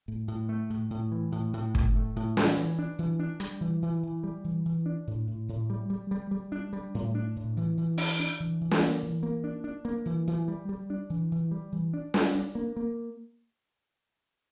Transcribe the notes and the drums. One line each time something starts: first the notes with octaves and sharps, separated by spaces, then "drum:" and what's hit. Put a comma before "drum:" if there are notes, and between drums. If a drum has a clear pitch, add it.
A2
A2
A3
A2
A2
E3
A2
A2
A2, drum: kick
A3
A2
E3, drum: snare
E3
D4
E3
D4
G3, drum: hi-hat
E3
E3
E3
G3
E3
E3
D4
A2
A2
A2
G3
G3
G3
G3
D4
G3
A2
D4
A2
E3
E3
D4, drum: open hi-hat
D4
E3
E3
drum: snare
A#3
E3
A#3
D4
D4
A#3
E3
E3
G3
G3
D4
E3
E3
G3
E3
D4
G3, drum: snare
D4
A#3
A#3